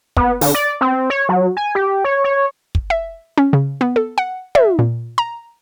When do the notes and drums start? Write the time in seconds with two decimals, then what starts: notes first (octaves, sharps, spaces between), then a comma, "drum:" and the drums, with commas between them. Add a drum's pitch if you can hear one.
0.16 B3, drum: kick
0.41 D3, drum: open hi-hat
0.55 D5
0.81 C4
1.10 C#5
1.29 F#3
1.57 G#5
1.75 G4
2.05 C#5
2.24 C#5
2.75 drum: kick
2.90 E5
3.38 C#4
3.53 C#3
3.81 B3
3.96 A4
4.18 F#5
4.55 E5, drum: tom
4.79 A#2
5.18 A#5